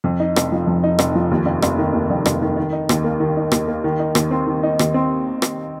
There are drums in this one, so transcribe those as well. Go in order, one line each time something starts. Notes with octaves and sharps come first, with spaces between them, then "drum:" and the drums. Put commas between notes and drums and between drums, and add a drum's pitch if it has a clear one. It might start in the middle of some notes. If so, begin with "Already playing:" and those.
F2
D#4
F1, drum: rim click
F3
F2
D#4
F1, drum: rim click
F3
D#2
F1
F1, drum: rim click
D#3
D#2
F1
F1, drum: rim click
D#3
D#3
D#4
D#2, drum: rim click
A#3
D#3
D#4
D#2, drum: rim click
A#3
D#3
D#4
D#2, drum: rim click
C4
D#3
D#4
D#2, drum: rim click
C4
drum: rim click